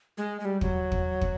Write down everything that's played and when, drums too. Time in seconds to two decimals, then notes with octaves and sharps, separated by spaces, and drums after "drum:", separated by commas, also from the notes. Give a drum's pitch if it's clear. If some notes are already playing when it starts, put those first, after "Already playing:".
0.18 G#3
0.40 G#3
0.45 G3
0.61 F#3, drum: kick
0.92 drum: kick
1.21 drum: kick